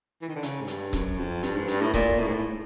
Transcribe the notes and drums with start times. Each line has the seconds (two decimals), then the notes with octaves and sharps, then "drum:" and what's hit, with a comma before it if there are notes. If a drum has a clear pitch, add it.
0.22 E3
0.28 D#3
0.35 D3
0.43 C#3, drum: hi-hat
0.61 G#2
0.68 G2, drum: hi-hat
0.93 F#2, drum: kick C#1, hi-hat
1.18 F2
1.43 G2, drum: hi-hat
1.56 G#2
1.68 G2, drum: hi-hat
1.82 A2
1.94 A#2, drum: kick C#1, hi-hat
2.19 A2
2.27 G#2
2.34 A2